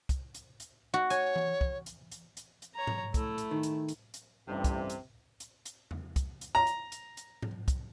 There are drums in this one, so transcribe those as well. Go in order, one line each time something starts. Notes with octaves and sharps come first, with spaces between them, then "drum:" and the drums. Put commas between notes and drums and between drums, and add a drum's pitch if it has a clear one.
drum: kick, hi-hat
drum: hi-hat
drum: hi-hat
F#4
C#5 G#5, drum: hi-hat
drum: tom E3
drum: kick
drum: hi-hat
drum: hi-hat
drum: hi-hat
drum: hi-hat
C#5 A#5
drum: tom G#2
A3 E4, drum: kick, hi-hat
drum: hi-hat
D#3
drum: hi-hat
drum: hi-hat
drum: hi-hat
A1 G2 C3
drum: kick, hi-hat
drum: hi-hat
drum: hi-hat
drum: hi-hat
drum: tom E2
drum: kick, hi-hat
drum: hi-hat
A#5
drum: hi-hat
drum: hi-hat
drum: hi-hat
drum: tom G#2
drum: kick, hi-hat